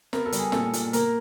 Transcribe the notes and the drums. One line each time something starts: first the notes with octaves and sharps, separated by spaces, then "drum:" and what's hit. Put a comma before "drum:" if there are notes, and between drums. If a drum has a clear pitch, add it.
B3 A#4, drum: snare
A4
G3, drum: hi-hat
G#4
A#2 A4, drum: snare
A#2, drum: hi-hat
A#3 A#4, drum: hi-hat